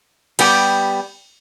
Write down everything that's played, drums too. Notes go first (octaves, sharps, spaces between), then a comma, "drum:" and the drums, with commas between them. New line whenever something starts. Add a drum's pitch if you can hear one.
G3 B3 G4 G5, drum: cymbal